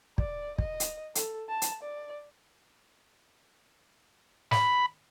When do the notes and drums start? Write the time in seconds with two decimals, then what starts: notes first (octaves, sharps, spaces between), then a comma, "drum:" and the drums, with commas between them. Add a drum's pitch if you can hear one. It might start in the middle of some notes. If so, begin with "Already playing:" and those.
0.18 D5, drum: kick
0.58 D#5, drum: kick
0.80 drum: hi-hat
1.15 A4, drum: hi-hat
1.49 A5
1.62 drum: hi-hat
1.83 D5
4.51 B5, drum: snare